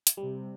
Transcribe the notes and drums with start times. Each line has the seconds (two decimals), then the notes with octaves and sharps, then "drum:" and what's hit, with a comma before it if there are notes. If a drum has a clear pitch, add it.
0.07 drum: hi-hat
0.17 C3 G3